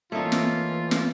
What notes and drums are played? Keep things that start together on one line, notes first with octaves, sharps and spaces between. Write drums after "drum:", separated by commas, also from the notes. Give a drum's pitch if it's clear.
E3 A3 A#3 C#4 D#4 F4
drum: snare
drum: snare